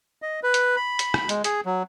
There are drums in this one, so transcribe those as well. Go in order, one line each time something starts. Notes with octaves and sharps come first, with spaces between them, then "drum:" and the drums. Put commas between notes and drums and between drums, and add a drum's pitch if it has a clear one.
D#5
B4
drum: hi-hat
B5
drum: hi-hat
drum: rim click
G#3, drum: hi-hat
G#4, drum: hi-hat
F#3